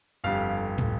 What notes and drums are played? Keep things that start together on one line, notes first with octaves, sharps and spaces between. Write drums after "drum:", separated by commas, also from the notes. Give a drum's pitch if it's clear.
G1 F2 D3 G3 F5
drum: tom